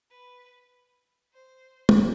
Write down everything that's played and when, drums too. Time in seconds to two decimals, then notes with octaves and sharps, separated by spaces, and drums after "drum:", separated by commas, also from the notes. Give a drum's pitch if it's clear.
0.11 B4
1.33 C5
1.89 drum: tom